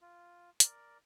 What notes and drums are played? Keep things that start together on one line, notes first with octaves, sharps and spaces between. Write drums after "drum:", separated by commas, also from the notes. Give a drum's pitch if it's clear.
F4
A#4 D5, drum: hi-hat